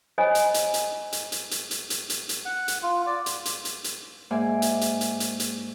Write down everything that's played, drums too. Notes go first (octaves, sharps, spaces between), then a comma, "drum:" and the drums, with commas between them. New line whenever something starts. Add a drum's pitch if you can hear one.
C5 C#5 D#5 G#5 B5 D#6
drum: hi-hat
drum: hi-hat
drum: hi-hat
drum: hi-hat
drum: hi-hat
drum: hi-hat
drum: hi-hat
drum: hi-hat
drum: hi-hat
drum: hi-hat
F#5
drum: hi-hat
F4
D5
drum: hi-hat
drum: hi-hat
drum: hi-hat
drum: hi-hat
G#2 A#3 D5 E5 G#5
drum: hi-hat
drum: hi-hat
drum: hi-hat
drum: hi-hat
drum: hi-hat